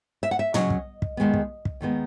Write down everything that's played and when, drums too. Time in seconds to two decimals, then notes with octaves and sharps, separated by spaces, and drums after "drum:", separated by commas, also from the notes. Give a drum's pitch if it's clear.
0.23 E5
0.31 F#5
0.39 E5
0.54 C#3 F#3 C#4 D#5, drum: tom
0.70 drum: kick
1.02 drum: kick
1.17 D#2 D#3 G#3 B3
1.34 drum: kick
1.65 drum: kick
1.81 D#2 D#3 G#3 B3